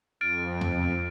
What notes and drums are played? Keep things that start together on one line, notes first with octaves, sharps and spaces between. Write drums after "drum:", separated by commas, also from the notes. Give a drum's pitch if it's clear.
F2 F6 A6 D7
drum: tom E2